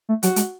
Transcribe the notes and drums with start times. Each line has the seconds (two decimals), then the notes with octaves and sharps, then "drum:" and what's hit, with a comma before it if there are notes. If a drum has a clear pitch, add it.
0.09 A3
0.23 F#3 F#4, drum: hi-hat
0.36 G#3, drum: hi-hat